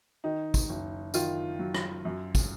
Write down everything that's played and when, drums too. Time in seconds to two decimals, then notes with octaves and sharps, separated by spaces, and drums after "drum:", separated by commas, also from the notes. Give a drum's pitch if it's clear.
0.24 D#3 D#4
0.54 drum: kick, tambourine
0.69 F#1
1.14 D#3 F4, drum: tambourine
1.59 F#3
1.75 drum: rim click
2.05 F#2
2.35 drum: kick, tambourine